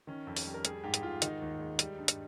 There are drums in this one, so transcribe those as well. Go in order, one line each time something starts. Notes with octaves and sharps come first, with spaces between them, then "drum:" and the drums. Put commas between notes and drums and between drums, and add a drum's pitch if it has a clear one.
D#3 C#4
F2
drum: open hi-hat
G3
A#4
G3 G#4, drum: hi-hat
G#2 G4
drum: hi-hat
G#2 F4
D#3 D#4, drum: hi-hat
D#2
G#3
G3, drum: hi-hat
G2
drum: hi-hat